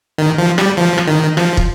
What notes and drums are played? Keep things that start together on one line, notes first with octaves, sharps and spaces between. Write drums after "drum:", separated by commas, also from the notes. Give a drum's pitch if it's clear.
D#3
F3
G3, drum: rim click
F3
drum: rim click
D#3
F3, drum: rim click
drum: kick